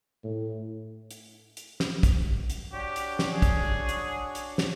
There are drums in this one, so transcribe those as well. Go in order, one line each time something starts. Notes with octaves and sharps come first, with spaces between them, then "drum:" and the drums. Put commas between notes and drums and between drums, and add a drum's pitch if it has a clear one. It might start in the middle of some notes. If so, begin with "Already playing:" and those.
A2
drum: hi-hat
drum: hi-hat
drum: snare
drum: kick, hi-hat
drum: hi-hat
D4 F#4 G4 C#5
drum: hi-hat
drum: snare
G#4
drum: kick, hi-hat
drum: hi-hat
drum: hi-hat
drum: snare